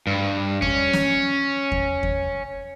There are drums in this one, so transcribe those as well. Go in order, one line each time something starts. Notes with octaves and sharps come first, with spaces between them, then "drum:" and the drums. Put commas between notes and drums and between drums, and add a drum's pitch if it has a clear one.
G2
C#4, drum: kick E2
drum: snare
drum: kick E2
drum: kick E2